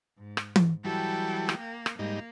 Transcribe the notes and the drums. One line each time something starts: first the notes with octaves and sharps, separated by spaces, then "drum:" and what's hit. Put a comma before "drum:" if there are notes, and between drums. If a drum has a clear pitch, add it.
G#2
drum: rim click
drum: tom E3
E3 F#3 G3 A4 G5
drum: rim click
A#3
drum: rim click
G#2 G3 A#3 D#4